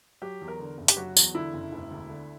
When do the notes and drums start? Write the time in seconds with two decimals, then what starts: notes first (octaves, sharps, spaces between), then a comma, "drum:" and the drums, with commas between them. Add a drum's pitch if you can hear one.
0.22 F#3 G4
0.42 E2
0.48 A#4
0.59 D3
0.78 F#1
0.88 G4, drum: hi-hat
0.97 F#3 F#4
1.17 E2, drum: tambourine
1.35 D3 E4
1.54 F#1
1.72 E1
1.91 D2
2.09 D3